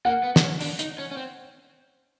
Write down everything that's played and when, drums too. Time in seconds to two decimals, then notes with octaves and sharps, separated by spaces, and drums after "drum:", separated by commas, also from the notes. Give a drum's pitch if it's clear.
0.05 A#3 F#5
0.23 B3
0.36 D4, drum: snare
0.42 C#4
0.61 D4, drum: open hi-hat
0.79 D#4, drum: hi-hat
0.99 C#4
1.11 C#4
1.17 C4